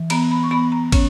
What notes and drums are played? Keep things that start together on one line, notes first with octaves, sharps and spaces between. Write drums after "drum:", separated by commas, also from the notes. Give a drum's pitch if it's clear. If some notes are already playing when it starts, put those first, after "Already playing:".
Already playing: E3
B3 A#5, drum: cymbal
B5
C#6
B3 B5
A#5
C#4 C#5, drum: kick, cymbal